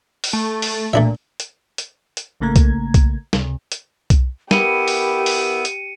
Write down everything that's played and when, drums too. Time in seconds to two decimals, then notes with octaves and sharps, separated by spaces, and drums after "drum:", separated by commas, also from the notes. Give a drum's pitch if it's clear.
0.24 drum: open hi-hat
0.33 A3
0.62 drum: open hi-hat
0.93 A#2 A3 D4 E5
1.40 drum: hi-hat
1.78 drum: hi-hat
2.17 drum: hi-hat
2.40 A1 C#3 A3 A#3 A#5 G#6
2.56 drum: kick B1, hi-hat
2.94 drum: kick B1, hi-hat
3.33 C#2 C3, drum: snare
3.72 drum: hi-hat
4.10 drum: kick B1, hi-hat
4.51 B3 E4 G4 A#4 C#7 D#7, drum: snare
4.88 drum: open hi-hat
5.26 drum: open hi-hat
5.65 drum: hi-hat